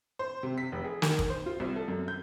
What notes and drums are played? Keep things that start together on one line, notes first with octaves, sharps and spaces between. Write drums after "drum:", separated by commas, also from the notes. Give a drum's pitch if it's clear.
C5
C3
B6
F1
G#4
D#3, drum: snare
drum: kick
C5
F4
C2
A4
F#2
G6